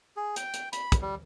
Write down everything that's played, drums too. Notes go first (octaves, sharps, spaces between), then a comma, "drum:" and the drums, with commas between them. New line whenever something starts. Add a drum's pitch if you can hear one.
G#4
G5, drum: hi-hat
drum: hi-hat
B5, drum: hi-hat
drum: kick, hi-hat
G3